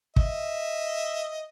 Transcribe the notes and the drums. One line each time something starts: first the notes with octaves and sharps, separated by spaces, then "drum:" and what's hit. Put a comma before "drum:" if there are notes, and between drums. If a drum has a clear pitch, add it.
D#5 E5, drum: kick